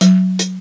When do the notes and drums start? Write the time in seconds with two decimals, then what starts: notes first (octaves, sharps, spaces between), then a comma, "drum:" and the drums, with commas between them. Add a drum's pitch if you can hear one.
0.01 F#3, drum: hi-hat
0.39 drum: hi-hat